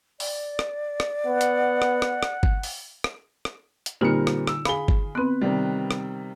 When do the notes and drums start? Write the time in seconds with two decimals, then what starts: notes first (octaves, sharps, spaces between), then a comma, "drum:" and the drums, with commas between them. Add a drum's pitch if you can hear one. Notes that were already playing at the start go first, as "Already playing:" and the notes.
0.20 D5, drum: open hi-hat
0.59 drum: rim click
1.00 drum: rim click
1.27 B3 F#5
1.41 drum: hi-hat
1.82 drum: rim click
2.02 drum: rim click
2.23 drum: rim click
2.43 drum: kick G1
2.63 drum: open hi-hat
3.04 drum: rim click
3.45 drum: rim click
3.86 drum: hi-hat
4.01 A#2 D3 G3 C4 D#4 F4 A#4 C#7
4.27 drum: rim click
4.47 E6, drum: rim click
4.65 G#4 F5 B5 G7, drum: rim click
4.88 drum: kick G1
5.15 B3 C4 B4 F#6
5.41 C3 D#3 G3
5.91 drum: rim click